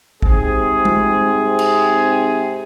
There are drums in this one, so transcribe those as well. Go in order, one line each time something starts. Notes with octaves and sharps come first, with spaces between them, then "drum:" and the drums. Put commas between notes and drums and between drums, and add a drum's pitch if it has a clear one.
G#2 C3 C4 G#4, drum: kick A1
drum: tom G#3
drum: cymbal